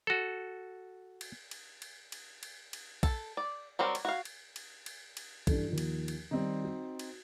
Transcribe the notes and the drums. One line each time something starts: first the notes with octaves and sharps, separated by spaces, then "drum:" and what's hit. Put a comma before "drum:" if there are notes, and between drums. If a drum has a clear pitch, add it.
F#4 A4
drum: cymbal
drum: cymbal
drum: cymbal
drum: cymbal
drum: cymbal
drum: cymbal
A4, drum: kick A#1, cymbal
D5
F#3 G3 C4 A#4
drum: cymbal
F#4 F5
drum: cymbal
drum: cymbal
drum: cymbal
drum: cymbal
G2 E3 A4, drum: kick A#1, cymbal
D#2 F3
drum: cymbal
drum: cymbal
D#3 G3 C4 D#4
F#4
drum: cymbal